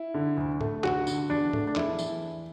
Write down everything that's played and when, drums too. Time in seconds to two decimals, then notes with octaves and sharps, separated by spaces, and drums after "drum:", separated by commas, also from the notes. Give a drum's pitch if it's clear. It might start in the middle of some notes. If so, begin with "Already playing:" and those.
Already playing: E4
0.14 D3
0.37 D2
0.61 A3, drum: tom
0.84 D2 F#4, drum: clap
1.07 D3, drum: tambourine
1.30 E2 D4
1.53 A3, drum: tom
1.67 D4
1.76 E2 E4, drum: clap
1.99 E3, drum: tambourine